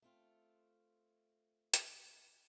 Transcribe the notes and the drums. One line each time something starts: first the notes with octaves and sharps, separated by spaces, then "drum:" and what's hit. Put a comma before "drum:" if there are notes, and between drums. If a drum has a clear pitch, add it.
A3 C4 F4
drum: hi-hat